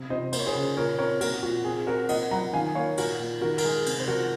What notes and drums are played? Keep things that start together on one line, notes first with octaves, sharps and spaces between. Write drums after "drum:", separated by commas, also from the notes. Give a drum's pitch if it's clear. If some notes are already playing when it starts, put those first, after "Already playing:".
Already playing: C3
C3 C5 D#5
A#3 C5, drum: cymbal
C#5
G#4 C5
C#3
A#2 A#4 C#5
C4 A#4 C#5
A#3 F#4 A#4, drum: cymbal
A#2 F#4
C4 G#4
C4 F#4 A#4
A#3 D#5 F#5, drum: cymbal
F#3 F#5 A#5
D#3 F5 G#5
A#3 C#5 F5
A#2 F#4 A#4, drum: cymbal
A#2
D#3 F#4 A#4
A#4, drum: cymbal
G#3 G#4
C3, drum: cymbal
C5
F3 F#4 A#4